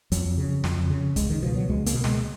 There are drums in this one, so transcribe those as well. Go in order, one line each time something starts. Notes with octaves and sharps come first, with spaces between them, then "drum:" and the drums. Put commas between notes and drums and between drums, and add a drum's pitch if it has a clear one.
F2 F#3, drum: hi-hat
C#3
F2, drum: snare
C#3
C#2 G#3, drum: kick, hi-hat
D#3
B2 F3
F#3
C#2 G#3
A#3, drum: hi-hat
B2
G#3, drum: snare